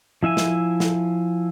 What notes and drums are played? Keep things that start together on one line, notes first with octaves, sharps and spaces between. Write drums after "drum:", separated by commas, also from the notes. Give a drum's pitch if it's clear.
F3 E4 E5 G#5
drum: snare
drum: snare